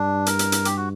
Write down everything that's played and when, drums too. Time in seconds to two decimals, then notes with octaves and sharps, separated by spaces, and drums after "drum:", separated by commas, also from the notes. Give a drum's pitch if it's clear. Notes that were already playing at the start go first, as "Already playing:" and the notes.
Already playing: G2 D4
0.26 A#4, drum: hi-hat
0.39 drum: hi-hat
0.52 drum: hi-hat
0.65 G4, drum: hi-hat
0.77 F#4